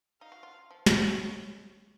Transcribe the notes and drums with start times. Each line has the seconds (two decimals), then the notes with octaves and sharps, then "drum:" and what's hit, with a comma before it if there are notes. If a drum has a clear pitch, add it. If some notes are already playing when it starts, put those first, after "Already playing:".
0.21 D#4 F5
0.32 F#4
0.43 F4
0.71 F3
0.86 D#3 C#5, drum: snare
0.97 F3
1.08 F#3